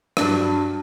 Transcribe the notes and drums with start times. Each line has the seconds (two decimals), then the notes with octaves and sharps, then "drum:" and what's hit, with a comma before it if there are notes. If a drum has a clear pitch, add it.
0.17 G2 F#3 D4, drum: rim click